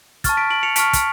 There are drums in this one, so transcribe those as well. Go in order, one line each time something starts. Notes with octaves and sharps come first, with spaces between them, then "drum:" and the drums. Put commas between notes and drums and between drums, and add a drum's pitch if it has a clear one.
A5 C#6 F6 A6, drum: kick, hi-hat
B6 D7
D7 F#7
C#7 F7
A5 C#6 F6 B6 D7, drum: hi-hat
drum: kick, hi-hat